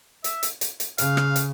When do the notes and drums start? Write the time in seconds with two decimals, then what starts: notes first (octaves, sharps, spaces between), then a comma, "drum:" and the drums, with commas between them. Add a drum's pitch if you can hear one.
0.24 E5, drum: hi-hat
0.43 drum: hi-hat
0.61 drum: hi-hat
0.80 drum: hi-hat
0.98 C#3 F5, drum: hi-hat
1.17 drum: rim click
1.36 drum: hi-hat